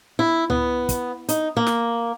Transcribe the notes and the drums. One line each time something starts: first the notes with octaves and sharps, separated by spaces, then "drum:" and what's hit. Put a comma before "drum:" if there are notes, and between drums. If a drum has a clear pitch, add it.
E4
B3, drum: tom C#2
drum: kick, hi-hat
D#4, drum: hi-hat
A#3
drum: snare